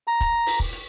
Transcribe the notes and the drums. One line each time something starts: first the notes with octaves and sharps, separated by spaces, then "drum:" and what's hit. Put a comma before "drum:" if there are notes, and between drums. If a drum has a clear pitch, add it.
A#5
drum: kick, hi-hat
drum: open hi-hat
drum: kick
drum: hi-hat